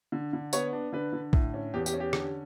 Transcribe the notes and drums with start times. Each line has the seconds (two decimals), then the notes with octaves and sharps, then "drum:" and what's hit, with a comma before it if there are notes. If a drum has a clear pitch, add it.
0.12 D3
0.33 D3
0.53 B3 C#5, drum: tambourine
0.73 D4
0.93 D3 B4
1.13 D3
1.33 A2, drum: kick A#1
1.54 C#4
1.74 E2 G4
1.86 G4, drum: tambourine
1.94 C#4
2.00 G4
2.13 D3, drum: rim click